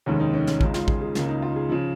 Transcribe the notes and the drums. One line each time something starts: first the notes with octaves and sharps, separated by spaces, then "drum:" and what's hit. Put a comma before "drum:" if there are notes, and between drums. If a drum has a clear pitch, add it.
F1 D#2 D#3 G#3 C#4
D#4
C#4
C#4, drum: snare
C#2 C#3 G#3 D#4, drum: kick
F4, drum: snare
G#4, drum: kick
G#4
C#2 C#3 A#3, drum: snare
D#4
F4
G#4
C#3 F3